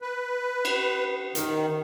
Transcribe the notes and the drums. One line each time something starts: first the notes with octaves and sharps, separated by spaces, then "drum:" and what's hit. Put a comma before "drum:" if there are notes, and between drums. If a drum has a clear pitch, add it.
B4
drum: cymbal
D#3, drum: hi-hat